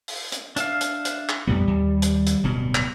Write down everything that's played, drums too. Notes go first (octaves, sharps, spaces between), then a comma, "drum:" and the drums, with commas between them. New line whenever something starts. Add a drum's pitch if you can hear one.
drum: open hi-hat
drum: hi-hat
D4 E5 F5, drum: hi-hat
drum: hi-hat
drum: hi-hat
drum: clap
F2 A2 G3 B3
D#2
drum: hi-hat
drum: hi-hat
D1 G2 B2
drum: clap